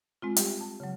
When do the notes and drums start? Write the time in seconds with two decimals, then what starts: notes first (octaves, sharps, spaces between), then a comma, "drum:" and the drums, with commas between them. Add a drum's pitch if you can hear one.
0.22 G#3 C4 F4
0.36 G3 G4, drum: hi-hat
0.61 A5
0.80 C#3 F#3